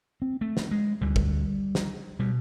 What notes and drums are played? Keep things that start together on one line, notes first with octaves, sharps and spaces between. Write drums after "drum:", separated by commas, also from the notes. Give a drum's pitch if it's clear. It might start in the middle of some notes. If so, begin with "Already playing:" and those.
C4
A3
drum: snare
G#3
D2 D3 G3
drum: kick
drum: snare
B2 G3